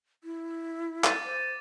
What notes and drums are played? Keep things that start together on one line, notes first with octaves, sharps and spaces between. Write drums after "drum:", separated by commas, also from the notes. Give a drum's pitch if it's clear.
E4
D6 A6 D#7, drum: clap
C5